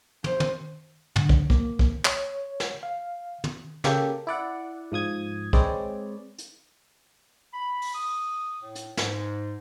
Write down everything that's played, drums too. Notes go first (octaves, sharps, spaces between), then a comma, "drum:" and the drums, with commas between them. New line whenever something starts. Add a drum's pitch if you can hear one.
C5, drum: tom
drum: tom
D3, drum: tom
drum: kick
A#3, drum: kick
drum: kick
C#5, drum: clap
drum: snare
F5
drum: tom
C#3 A#3 G4 A4, drum: snare
E4 D5 F#5
G#2 F3 D#6 G#6
G#3 C4 G#4 B4 C#5 D5, drum: kick
drum: hi-hat
B5
drum: open hi-hat
D#6
A2
drum: hi-hat
G#2, drum: snare